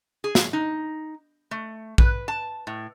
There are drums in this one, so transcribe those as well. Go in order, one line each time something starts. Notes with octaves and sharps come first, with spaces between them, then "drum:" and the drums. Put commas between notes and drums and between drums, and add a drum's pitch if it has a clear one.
G#4
drum: snare
D#4
A3
B4, drum: kick A#1
A5
A2